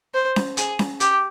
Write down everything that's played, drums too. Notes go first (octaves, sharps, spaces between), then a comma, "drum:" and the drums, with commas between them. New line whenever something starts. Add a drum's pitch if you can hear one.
C5
drum: snare C#4
G#4, drum: hi-hat
drum: snare C#4
G4, drum: hi-hat